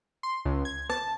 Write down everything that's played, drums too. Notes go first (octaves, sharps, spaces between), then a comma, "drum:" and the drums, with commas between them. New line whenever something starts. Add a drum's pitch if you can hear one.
C6
C#2
G#6
A5, drum: rim click